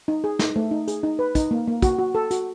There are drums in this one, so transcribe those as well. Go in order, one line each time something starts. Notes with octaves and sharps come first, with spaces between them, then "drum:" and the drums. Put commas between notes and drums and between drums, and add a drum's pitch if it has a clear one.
D#4
G#4
D#4, drum: snare
A3
D#4
G#4, drum: hi-hat
D#4
B4
D#4, drum: kick, hi-hat
A#3
A#3
F#4, drum: kick, hi-hat
F#4
A4
F#4, drum: hi-hat